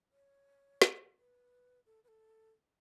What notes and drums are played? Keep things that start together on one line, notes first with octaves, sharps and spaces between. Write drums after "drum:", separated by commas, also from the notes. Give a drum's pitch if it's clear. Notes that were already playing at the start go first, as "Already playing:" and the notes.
C#5
drum: snare
B4
A4
B4
A4